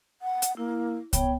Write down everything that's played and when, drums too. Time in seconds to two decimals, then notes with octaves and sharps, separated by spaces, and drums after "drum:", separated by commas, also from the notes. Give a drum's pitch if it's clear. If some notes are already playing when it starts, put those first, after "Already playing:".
0.22 F#5
0.42 drum: hi-hat
0.57 A#3 E4
1.13 B3 C#5 G5, drum: kick C2, hi-hat